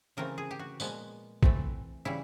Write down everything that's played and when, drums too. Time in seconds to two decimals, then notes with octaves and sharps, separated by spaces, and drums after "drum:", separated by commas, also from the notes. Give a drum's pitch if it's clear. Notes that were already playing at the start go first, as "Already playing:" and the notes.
0.17 C#3 E3 A3 C4 A#4
0.38 G#4
0.51 G4
0.59 F#4
0.80 A#2 F3 G#3 B3, drum: tambourine
1.43 E3 A3 C4, drum: kick A1
2.05 C#3 E3 G3 E4